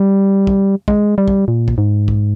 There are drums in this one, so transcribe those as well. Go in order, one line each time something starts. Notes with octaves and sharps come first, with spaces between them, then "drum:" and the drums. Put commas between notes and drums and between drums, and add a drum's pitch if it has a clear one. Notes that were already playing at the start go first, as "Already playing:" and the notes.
Already playing: G3
drum: kick
G#3, drum: kick
G3
drum: kick
A#2
drum: kick
G#2
drum: kick